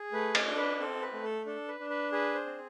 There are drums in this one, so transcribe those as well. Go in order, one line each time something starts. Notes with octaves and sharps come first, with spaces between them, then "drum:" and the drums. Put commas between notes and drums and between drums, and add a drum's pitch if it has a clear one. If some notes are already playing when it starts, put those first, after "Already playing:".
Already playing: G#4
A3 B4
A4, drum: cymbal
D4
B4
C4 A4
B4
A3
A4
D4 A4
B4
D4
B4
G#4 B4
C5
C4